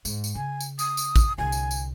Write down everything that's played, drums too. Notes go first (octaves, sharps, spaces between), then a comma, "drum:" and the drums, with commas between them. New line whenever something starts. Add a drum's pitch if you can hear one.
G#2, drum: tambourine
drum: tambourine
C#3 G#5
drum: tambourine
D#6, drum: tambourine
drum: tambourine
drum: kick, tambourine
C2 D3 G#5
drum: tambourine
drum: tambourine